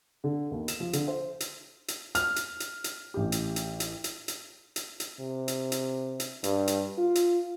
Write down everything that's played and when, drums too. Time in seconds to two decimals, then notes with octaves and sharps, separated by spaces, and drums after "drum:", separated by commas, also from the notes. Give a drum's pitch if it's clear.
0.24 D3
0.51 D#2
0.68 E7, drum: hi-hat
0.80 F3
0.93 D3, drum: hi-hat
1.08 C5
1.40 drum: hi-hat
1.88 drum: hi-hat
2.15 F6, drum: hi-hat
2.36 drum: hi-hat
2.60 drum: hi-hat
2.84 drum: hi-hat
3.14 A1 G4
3.32 drum: hi-hat
3.56 drum: hi-hat
3.80 drum: hi-hat
4.04 drum: hi-hat
4.28 drum: hi-hat
4.76 drum: hi-hat
5.00 drum: hi-hat
5.20 C3
5.48 drum: hi-hat
5.72 drum: hi-hat
6.20 drum: hi-hat
6.44 G2, drum: hi-hat
6.68 drum: hi-hat
6.98 F4
7.15 drum: hi-hat